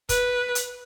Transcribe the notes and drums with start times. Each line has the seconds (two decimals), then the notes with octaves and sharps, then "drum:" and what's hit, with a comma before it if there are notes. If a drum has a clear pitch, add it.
0.09 B4, drum: kick, hi-hat
0.55 drum: hi-hat